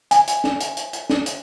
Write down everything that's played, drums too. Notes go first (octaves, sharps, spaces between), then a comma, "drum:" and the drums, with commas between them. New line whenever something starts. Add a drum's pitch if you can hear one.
G#5, drum: hi-hat
drum: hi-hat
drum: snare
drum: hi-hat
drum: hi-hat
drum: hi-hat
drum: snare
drum: hi-hat